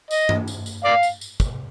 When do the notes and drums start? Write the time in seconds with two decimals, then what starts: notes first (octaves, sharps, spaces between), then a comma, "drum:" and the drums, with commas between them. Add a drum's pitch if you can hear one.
0.11 D#5, drum: tambourine
0.29 drum: tom
0.47 drum: tambourine
0.66 drum: tambourine
0.84 D5 F5
1.03 drum: tambourine
1.21 drum: tambourine
1.40 drum: kick, tambourine